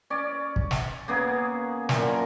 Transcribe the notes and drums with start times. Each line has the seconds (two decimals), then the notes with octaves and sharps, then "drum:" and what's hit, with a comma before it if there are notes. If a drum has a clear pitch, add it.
0.10 C#4 D5
0.56 drum: kick
0.71 drum: snare
1.08 C#3 A#3 B3 G#4
1.89 F#2 A#2 A#4 A5, drum: snare